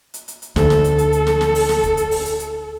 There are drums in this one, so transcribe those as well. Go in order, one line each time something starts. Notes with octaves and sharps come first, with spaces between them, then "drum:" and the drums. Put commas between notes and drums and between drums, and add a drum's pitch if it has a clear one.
drum: hi-hat
drum: hi-hat
drum: hi-hat
D2 A4, drum: snare
drum: snare
drum: hi-hat
drum: hi-hat
drum: hi-hat
drum: snare
drum: snare
drum: open hi-hat
drum: snare
drum: kick, hi-hat
drum: hi-hat
drum: open hi-hat
drum: hi-hat
drum: hi-hat